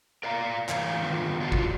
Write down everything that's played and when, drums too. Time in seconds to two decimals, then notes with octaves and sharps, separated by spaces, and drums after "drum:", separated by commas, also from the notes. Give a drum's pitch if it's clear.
0.23 A#4 D5 F5 A#5
0.69 A2 E3 F5 G#5, drum: clap
1.03 D3 D#3 B3 F4 B4
1.41 D4 F4 F#4
1.52 drum: kick